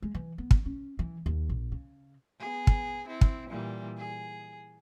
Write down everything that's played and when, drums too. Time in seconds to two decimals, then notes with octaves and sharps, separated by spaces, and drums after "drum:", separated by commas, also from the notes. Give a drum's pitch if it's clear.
0.02 G#3
0.15 E3
0.38 B3
0.51 drum: kick
0.65 C#4
0.99 E3
1.26 D#2
1.49 A#1
1.72 C#3
2.39 B3 G#4
2.67 drum: kick
3.07 C4 E4
3.21 drum: kick
3.49 A#2 E3 G3
3.98 G#4